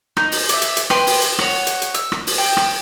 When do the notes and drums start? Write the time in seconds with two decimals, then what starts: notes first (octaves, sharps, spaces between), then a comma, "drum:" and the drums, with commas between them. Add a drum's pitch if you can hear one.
0.17 D#4, drum: rim click
0.32 drum: open hi-hat
0.49 D5 E5, drum: hi-hat
0.62 drum: hi-hat
0.77 drum: hi-hat
0.90 B4 G5 C6, drum: rim click
1.07 drum: open hi-hat
1.22 drum: hi-hat
1.39 F#4 C#5, drum: rim click
1.67 drum: hi-hat
1.82 drum: hi-hat
1.94 E6, drum: hi-hat
2.12 drum: rim click
2.27 drum: open hi-hat
2.38 G5
2.57 drum: rim click